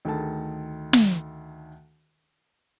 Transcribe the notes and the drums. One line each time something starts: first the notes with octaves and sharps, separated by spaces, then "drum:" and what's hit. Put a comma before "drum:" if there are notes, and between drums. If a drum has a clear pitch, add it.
D2 D#3 G#4 A4 A5
drum: snare